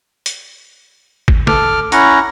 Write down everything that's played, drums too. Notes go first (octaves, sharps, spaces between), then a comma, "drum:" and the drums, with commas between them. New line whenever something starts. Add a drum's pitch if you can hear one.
drum: hi-hat
drum: kick
A4 D6 F6, drum: snare
C#4 E4 F#5 A#5 C#6, drum: hi-hat